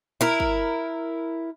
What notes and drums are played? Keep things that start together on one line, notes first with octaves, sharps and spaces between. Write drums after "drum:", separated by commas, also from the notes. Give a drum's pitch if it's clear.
E4 A#4
drum: kick